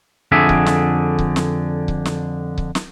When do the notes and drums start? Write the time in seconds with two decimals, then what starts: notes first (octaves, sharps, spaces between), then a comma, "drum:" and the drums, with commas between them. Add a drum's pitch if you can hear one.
0.32 F2 D3 D4 G#4 E5
0.49 drum: kick C#1
0.66 drum: snare
1.19 drum: kick C#1
1.36 drum: snare
1.88 drum: kick C#1
2.05 drum: snare
2.58 drum: kick C#1
2.75 drum: snare